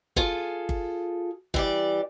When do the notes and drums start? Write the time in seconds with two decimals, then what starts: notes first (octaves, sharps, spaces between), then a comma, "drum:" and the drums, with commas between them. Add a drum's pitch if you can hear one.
0.16 F4 G#4 A4, drum: kick G1
0.69 drum: kick G1
1.54 E3 G3 D5, drum: kick G1